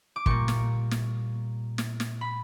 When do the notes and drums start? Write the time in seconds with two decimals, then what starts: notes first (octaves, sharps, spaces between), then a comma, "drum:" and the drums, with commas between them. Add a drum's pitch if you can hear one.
0.16 D6
0.26 A#2 G3 A#3 C#6, drum: kick
0.48 drum: snare
0.91 drum: snare
1.78 drum: snare
2.00 drum: snare
2.21 B5